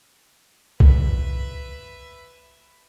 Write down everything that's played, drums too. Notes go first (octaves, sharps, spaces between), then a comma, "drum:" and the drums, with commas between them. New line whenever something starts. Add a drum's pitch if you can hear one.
B4 E5, drum: kick B1